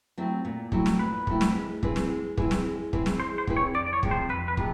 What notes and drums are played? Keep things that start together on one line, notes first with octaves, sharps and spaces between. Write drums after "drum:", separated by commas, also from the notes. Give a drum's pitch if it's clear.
F#3 A3 C4 E4
A#2
F#3 A3 C4 E4, drum: kick
drum: snare
A#2 B4
F#3 A3 C4 E4, drum: kick
drum: snare
G#3
C4 E4 G#4 B4, drum: kick
drum: snare
G#3
C4 E4 G#4 B4, drum: kick
drum: snare
G#3
C4 E4 G#4 B4, drum: kick
drum: snare
G#3 C5
C5
C4 E4 G#4 B4, drum: kick
C#5
F2 D5
D5
C#5
C3 F3 G#3 C4, drum: kick
C5
F2 B4
B4
C3 F3 G#3, drum: kick